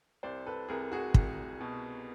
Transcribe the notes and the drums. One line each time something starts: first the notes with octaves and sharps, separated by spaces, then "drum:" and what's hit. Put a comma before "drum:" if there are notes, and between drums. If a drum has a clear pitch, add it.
C2 C5 D5
A4 B4
C2 G#4 A#4
F#4 G#4
C2, drum: kick
B2